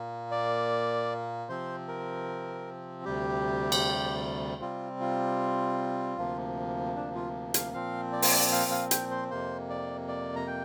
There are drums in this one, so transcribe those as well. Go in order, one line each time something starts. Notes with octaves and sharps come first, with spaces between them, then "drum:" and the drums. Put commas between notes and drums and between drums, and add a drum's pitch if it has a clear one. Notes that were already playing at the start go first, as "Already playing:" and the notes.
Already playing: A#2 A#3
D5
C3 F3 C4 C5
A#4
D2 C3 G3 G4
drum: cymbal
C3 G3 C4 F4
F4
D2 C3 F3 A#3
D4
F4
F5, drum: hi-hat
A#2 F3 C4 F5
D5
C5, drum: open hi-hat
D5
F5
F5
G5, drum: hi-hat
C5
F2 C3 A#3 C5
D5
D5
A#5
G5